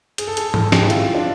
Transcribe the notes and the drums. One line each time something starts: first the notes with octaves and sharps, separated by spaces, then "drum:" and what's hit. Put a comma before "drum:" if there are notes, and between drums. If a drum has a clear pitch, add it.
G#4, drum: hi-hat
A4
G#4, drum: hi-hat
A4, drum: tom G#2
G4, drum: snare
E4
F4, drum: hi-hat
D4